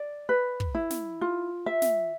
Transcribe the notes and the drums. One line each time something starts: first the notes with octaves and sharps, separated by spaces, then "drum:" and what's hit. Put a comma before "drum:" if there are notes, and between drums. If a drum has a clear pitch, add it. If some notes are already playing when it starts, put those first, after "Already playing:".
Already playing: D5
B4
drum: kick
E4
drum: snare
F4
E5
drum: snare